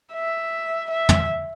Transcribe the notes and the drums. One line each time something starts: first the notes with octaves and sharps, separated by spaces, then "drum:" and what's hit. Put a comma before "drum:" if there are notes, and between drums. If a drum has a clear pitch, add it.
E5
E5
drum: tom